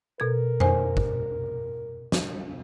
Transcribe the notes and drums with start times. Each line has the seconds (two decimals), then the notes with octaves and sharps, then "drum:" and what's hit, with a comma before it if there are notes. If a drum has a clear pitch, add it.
0.20 B2 A4 A#4 G#6
0.60 C5 G#5, drum: tom F2
0.97 drum: kick
2.12 drum: snare